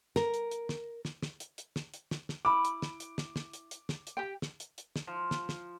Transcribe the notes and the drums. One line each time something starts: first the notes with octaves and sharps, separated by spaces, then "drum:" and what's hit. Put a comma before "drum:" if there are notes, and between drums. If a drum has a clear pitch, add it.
A#4, drum: snare
drum: hi-hat
drum: hi-hat
drum: snare
drum: snare
drum: snare
drum: hi-hat
drum: hi-hat
drum: snare
drum: hi-hat
drum: snare
drum: snare
E4 B5 D6
drum: hi-hat
drum: snare
drum: hi-hat
drum: snare
drum: snare
drum: hi-hat
drum: hi-hat
drum: snare
drum: hi-hat
G4 G5
drum: snare
drum: hi-hat
drum: hi-hat
drum: snare
F3
drum: snare
drum: snare